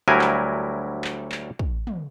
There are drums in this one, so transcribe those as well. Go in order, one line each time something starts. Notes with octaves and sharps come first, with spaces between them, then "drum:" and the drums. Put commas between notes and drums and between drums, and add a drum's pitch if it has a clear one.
D2 F#3 G3 E4 A#4 G#5
drum: clap
drum: clap
drum: clap
drum: kick
drum: tom